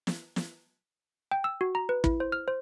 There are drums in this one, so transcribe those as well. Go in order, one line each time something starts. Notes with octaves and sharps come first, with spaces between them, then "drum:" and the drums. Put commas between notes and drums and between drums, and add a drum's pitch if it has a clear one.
drum: snare
drum: snare
G5
E6
F#4
A#5
B4
E4, drum: kick
C5
F6
C5